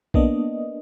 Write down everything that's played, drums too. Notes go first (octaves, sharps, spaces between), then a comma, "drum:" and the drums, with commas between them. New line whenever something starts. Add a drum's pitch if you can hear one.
A#3 B3 D4 D#5, drum: kick A#1